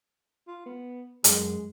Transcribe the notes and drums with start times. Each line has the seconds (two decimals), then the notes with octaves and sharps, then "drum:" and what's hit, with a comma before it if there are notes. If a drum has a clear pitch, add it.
0.48 F4
0.66 B3
1.24 F#2 G#3, drum: hi-hat